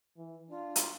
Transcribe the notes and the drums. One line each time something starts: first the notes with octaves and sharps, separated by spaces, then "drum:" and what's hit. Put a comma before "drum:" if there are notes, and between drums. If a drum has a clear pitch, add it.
E3
D4 F4
drum: hi-hat